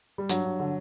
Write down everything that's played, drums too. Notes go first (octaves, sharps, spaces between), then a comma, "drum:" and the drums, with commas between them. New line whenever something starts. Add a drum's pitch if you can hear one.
G3
G2 F#3, drum: hi-hat
G2
D3